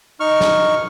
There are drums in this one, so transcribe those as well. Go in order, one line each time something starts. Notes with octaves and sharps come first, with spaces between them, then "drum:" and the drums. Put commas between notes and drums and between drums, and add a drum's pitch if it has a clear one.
D#4 C#6 F6
drum: snare